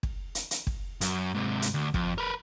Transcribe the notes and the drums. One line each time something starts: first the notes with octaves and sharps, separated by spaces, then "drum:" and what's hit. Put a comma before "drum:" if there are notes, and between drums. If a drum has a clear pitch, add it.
drum: kick
drum: hi-hat
drum: hi-hat
drum: kick
F#2, drum: hi-hat
G#2 C3
drum: hi-hat
D2
F2, drum: kick
A#4 B4